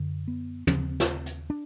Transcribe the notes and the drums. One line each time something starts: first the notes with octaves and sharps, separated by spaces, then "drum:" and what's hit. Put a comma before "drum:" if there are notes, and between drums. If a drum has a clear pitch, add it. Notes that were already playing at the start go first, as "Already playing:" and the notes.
Already playing: F#2 D3
B3
D#2 C#3 C4, drum: tom
drum: snare
drum: hi-hat
D4